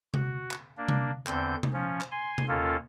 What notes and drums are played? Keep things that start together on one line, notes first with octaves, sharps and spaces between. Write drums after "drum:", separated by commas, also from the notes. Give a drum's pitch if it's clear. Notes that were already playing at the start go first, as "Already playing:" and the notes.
F#4, drum: tom C3
drum: clap
A#3 D4
drum: tom C3
E2 D3 C4 G6, drum: clap
drum: tom C3
F3 C#4
drum: clap
G#5 C6
drum: tom C3
D#2 A#3 C#4 F4 A4